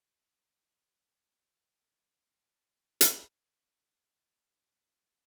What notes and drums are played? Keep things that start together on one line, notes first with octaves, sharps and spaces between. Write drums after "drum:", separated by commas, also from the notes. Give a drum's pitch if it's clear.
A1
F2
D2
D#1
C3
D#3
A#1
E1
E1
drum: hi-hat
C3 F#4 D5
E3 C#4
D4